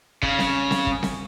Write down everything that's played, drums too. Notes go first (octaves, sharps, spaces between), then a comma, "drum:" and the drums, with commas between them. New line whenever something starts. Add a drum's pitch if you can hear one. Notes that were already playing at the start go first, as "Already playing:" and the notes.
C#3, drum: kick
drum: snare C4
drum: snare C4
drum: kick
drum: snare C4